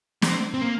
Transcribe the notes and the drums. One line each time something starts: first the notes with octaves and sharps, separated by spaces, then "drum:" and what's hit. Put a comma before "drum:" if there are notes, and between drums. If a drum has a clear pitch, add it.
C4, drum: snare
C4
A#3